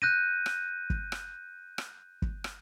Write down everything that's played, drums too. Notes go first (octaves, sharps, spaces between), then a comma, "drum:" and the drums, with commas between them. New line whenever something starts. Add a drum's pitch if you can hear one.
F#6 G6 A#6 D#7
drum: rim click
drum: kick
drum: rim click
drum: rim click
drum: kick
drum: rim click